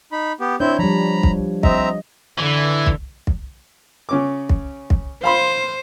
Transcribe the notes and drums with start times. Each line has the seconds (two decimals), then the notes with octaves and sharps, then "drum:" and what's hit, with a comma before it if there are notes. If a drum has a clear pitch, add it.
0.12 D#4 B5
0.40 B3 G4
0.60 C4 D4 E4 C#5 G6
0.79 F3 G3 A#5 B5
1.23 drum: kick
1.63 C4 D#5 E5 A#5, drum: kick
2.38 D3 E3
2.86 drum: kick
3.27 drum: kick
4.09 C#3 C#4 D6
4.49 drum: kick
4.90 drum: kick
5.24 C5 F5 B5 C6